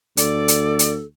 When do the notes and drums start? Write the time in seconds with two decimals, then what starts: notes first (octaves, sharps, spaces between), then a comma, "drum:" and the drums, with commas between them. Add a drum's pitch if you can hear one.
0.17 D2 A4 D5, drum: hi-hat
0.48 drum: hi-hat
0.79 drum: hi-hat